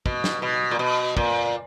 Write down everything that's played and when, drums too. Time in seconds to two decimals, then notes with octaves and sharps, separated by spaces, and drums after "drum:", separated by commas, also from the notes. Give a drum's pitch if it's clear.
0.06 B2, drum: kick
0.24 drum: snare
0.42 B2
0.71 A#2
0.79 B2
1.17 A#2, drum: kick